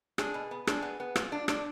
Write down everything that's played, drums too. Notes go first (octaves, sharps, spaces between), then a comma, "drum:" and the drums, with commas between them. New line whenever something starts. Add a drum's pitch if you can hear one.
D4 G#4, drum: rim click
B2
B3
D4 G#4, drum: rim click
B3
B3
F4, drum: rim click
D4
D4, drum: rim click